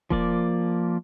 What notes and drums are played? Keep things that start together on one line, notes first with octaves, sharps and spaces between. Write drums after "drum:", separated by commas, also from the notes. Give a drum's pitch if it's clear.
F3 A#3 D5, drum: kick D#1